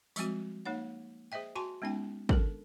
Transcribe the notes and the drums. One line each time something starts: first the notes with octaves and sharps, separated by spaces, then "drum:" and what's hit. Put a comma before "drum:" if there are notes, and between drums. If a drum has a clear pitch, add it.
F3 G3 G#3 C4 F#4, drum: tambourine
A#3 D#4 C#5 F#5
G#4 C5 D#5 E5 G5
F#4 G#5 A5 C6 C#6
G#3 B3 C#4 D#4 G5
D4 A4 A#4, drum: kick